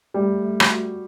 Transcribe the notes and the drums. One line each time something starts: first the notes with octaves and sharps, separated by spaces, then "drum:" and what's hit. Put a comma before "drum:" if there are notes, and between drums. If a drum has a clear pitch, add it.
G3 A3
A3
drum: rim click
F#4